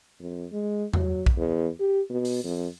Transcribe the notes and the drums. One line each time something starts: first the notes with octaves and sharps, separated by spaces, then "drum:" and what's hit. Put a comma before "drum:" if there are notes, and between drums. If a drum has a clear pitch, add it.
F2
G#3
F#3, drum: tom E2
drum: kick
E2
G4
B2
drum: open hi-hat
F2